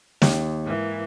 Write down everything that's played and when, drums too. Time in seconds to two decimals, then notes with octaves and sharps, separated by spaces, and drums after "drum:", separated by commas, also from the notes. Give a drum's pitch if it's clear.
0.22 D#2, drum: snare
0.64 G#2 E3 A#3